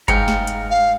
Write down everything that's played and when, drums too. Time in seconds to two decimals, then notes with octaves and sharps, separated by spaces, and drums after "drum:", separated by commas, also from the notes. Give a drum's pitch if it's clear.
0.08 G#2 F5 G5 A#5 C#7, drum: kick G1, hi-hat
0.28 drum: snare
0.47 drum: hi-hat
0.70 F5